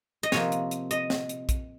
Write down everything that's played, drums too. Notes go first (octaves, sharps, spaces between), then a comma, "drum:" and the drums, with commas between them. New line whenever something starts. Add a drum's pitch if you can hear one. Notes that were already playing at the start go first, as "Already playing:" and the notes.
D#5
C3 F3 A#3 C#5, drum: snare
drum: hi-hat
drum: hi-hat
D#5, drum: hi-hat
drum: snare
drum: hi-hat
drum: kick A#1, hi-hat